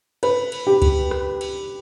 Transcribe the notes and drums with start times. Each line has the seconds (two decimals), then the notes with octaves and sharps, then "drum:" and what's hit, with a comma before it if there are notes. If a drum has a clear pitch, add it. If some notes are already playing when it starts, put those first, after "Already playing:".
0.23 B4, drum: cymbal
0.52 drum: cymbal
0.67 G4
0.82 drum: kick C#2, cymbal
1.11 drum: rim click
1.41 drum: cymbal